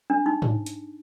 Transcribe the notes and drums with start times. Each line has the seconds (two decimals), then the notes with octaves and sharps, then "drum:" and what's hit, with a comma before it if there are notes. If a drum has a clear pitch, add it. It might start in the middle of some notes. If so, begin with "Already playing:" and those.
0.10 D4
0.26 D#4
0.42 drum: tom G#2
0.66 drum: hi-hat